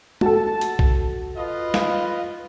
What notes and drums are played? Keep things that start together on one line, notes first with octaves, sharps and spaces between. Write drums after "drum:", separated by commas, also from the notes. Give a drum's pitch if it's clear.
F#4 A4 A5, drum: tom
drum: hi-hat
drum: kick B1
F4 B4 D#5
F5, drum: snare